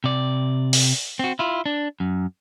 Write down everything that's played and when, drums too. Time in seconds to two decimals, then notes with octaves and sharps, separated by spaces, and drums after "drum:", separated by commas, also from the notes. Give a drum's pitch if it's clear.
0.04 C3 D5
0.73 drum: open hi-hat
1.19 C4 F#4
1.39 E4 F4
1.66 D4
2.00 F#2